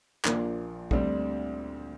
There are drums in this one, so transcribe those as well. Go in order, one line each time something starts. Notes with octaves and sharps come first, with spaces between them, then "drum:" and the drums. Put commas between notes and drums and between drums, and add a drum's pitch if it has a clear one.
A#1 A#2 F3 A#3 D4, drum: clap
D2 D3 G3 C4, drum: kick